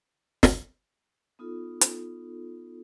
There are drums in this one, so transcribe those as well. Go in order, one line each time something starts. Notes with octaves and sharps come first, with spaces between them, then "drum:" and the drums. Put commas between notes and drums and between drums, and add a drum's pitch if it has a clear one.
drum: snare
B3 D#4 F4 A4
drum: hi-hat